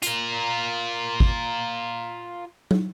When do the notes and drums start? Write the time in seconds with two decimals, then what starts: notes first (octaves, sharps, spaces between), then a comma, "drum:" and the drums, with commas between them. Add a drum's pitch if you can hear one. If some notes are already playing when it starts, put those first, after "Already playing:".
0.02 F4 A#4, drum: hi-hat
1.20 drum: kick
2.71 drum: tom